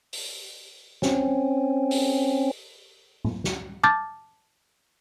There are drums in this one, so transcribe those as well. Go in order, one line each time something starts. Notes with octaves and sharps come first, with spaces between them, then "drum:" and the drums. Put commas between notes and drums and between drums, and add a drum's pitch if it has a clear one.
drum: open hi-hat
C4 C#4, drum: snare
drum: open hi-hat
drum: tom A2
drum: snare
A5 D6 F6 G6 A6